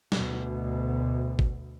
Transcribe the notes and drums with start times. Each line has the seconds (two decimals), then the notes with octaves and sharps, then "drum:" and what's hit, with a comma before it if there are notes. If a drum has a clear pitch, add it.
0.12 D2 B2, drum: snare
1.39 drum: kick G#1